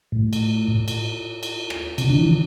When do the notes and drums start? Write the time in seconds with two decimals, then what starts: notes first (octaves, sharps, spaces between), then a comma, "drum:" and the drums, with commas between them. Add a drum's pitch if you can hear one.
0.12 A2
0.33 drum: cymbal
0.88 drum: cymbal
1.43 drum: cymbal
1.70 drum: rim click
1.98 C3, drum: cymbal
2.10 D3
2.18 E3